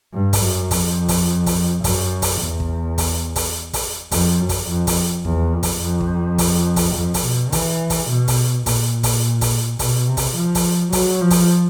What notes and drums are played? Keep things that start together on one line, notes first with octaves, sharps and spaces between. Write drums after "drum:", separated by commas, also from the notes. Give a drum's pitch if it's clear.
G2
drum: kick, open hi-hat
F#2
F2, drum: kick, open hi-hat
drum: kick, open hi-hat
drum: kick, open hi-hat
F#2, drum: kick, open hi-hat
drum: kick, open hi-hat
E2
drum: kick
drum: kick, open hi-hat
drum: kick, open hi-hat
drum: kick, open hi-hat
F2, drum: kick, open hi-hat
F#2
drum: kick, open hi-hat
F2
drum: kick, open hi-hat
E2, drum: kick
F2
drum: kick, open hi-hat
F2
drum: kick
drum: kick, open hi-hat
drum: kick, open hi-hat
F2
drum: kick, open hi-hat
B2
E3, drum: kick, open hi-hat
drum: kick, open hi-hat
B2
drum: kick, open hi-hat
A#2, drum: kick, open hi-hat
drum: kick, open hi-hat
drum: kick, open hi-hat
B2, drum: kick, open hi-hat
C3
drum: kick, open hi-hat
F3
drum: kick, open hi-hat
F#3, drum: kick, open hi-hat
F3
drum: kick, open hi-hat